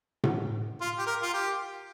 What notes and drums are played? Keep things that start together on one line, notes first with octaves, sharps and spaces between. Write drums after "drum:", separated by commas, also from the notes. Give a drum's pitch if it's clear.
drum: tom A2
F4
G4
A#4
F4
G4